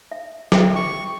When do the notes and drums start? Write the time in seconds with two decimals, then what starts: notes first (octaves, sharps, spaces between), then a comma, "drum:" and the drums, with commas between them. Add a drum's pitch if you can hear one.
0.12 E5
0.52 E5 G5 D6, drum: snare
0.76 C#6